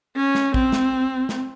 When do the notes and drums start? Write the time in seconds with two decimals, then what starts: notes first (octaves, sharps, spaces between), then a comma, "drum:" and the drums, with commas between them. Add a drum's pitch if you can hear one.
0.16 C#4
0.35 drum: snare
0.54 C4, drum: kick
0.72 drum: snare
1.29 drum: snare